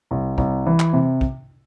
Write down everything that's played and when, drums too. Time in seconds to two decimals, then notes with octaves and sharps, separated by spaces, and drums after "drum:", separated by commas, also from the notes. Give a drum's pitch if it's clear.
0.11 C2
0.38 C2, drum: kick
0.66 E3
0.80 drum: clap
0.93 C3
1.21 drum: kick